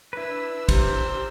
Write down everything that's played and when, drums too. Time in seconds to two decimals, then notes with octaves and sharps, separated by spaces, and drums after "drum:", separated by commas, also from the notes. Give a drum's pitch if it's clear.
0.13 D4 E4 B4 E6
0.69 G4 A#4 C5, drum: kick, cymbal